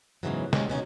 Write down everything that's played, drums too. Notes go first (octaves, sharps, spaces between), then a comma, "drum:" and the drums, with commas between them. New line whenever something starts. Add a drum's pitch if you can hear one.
E2 G#2 C#3 E3 F#3
G#3 C4 C#4 D#4 G4, drum: snare
B2 C#4 D#4